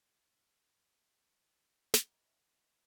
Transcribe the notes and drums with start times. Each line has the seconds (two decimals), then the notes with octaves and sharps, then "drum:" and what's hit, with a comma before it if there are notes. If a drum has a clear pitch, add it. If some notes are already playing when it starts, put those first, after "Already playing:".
1.94 E3 F#3 F#4 D#5 E5, drum: snare